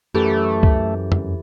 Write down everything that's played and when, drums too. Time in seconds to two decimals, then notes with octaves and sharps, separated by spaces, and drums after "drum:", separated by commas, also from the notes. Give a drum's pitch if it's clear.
0.14 F#2 E3 A3 G4 A4
0.63 drum: kick C2
1.12 drum: tom F2